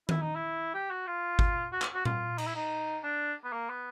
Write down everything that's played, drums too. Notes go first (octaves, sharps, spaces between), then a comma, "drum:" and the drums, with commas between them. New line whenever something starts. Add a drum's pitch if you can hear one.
E4, drum: tom D#3
D#4
E4
G4
F#4
F4
drum: kick G1
F#4
drum: clap
F#4
F4, drum: tom A#2
D#4, drum: cymbal
E4
D#4
D4
B3
A#3
B3